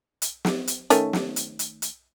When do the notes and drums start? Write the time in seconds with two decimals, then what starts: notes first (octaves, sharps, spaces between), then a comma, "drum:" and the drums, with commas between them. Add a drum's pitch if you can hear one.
0.22 drum: hi-hat
0.45 drum: snare
0.67 drum: hi-hat
0.90 D#3 A3 C#4, drum: hi-hat
1.13 drum: snare
1.36 drum: hi-hat
1.59 drum: hi-hat
1.82 drum: hi-hat